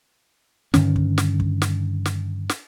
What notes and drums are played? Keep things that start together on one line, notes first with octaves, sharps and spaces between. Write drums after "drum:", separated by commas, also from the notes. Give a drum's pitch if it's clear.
G2 D3 D#3 C#4, drum: snare
drum: kick
drum: snare
drum: kick
drum: snare
drum: snare
drum: snare